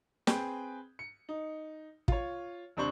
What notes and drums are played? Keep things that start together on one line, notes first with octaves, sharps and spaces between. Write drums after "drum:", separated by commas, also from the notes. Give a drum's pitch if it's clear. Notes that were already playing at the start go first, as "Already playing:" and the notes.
C4 G#4 B4 G5, drum: snare
C#7
D#4
F4 C#5, drum: kick
D#1 C3 D4 C5 C#6 F#7